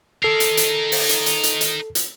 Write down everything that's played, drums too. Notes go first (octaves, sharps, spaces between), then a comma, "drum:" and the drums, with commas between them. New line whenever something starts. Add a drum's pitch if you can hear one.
D#4 A4 A#4 C7
drum: hi-hat
drum: hi-hat
drum: open hi-hat
drum: hi-hat
drum: hi-hat
drum: hi-hat
drum: hi-hat
drum: hi-hat